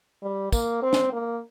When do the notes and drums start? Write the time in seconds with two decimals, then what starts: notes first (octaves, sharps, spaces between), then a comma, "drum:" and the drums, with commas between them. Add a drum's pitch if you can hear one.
0.23 G3
0.52 A#3, drum: kick, tambourine
0.83 C4
0.93 drum: snare
1.13 A#3